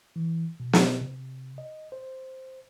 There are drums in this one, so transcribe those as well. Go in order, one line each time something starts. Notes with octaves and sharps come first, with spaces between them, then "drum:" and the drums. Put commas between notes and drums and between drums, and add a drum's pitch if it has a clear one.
E3
B2
drum: snare
C3
D#5
C5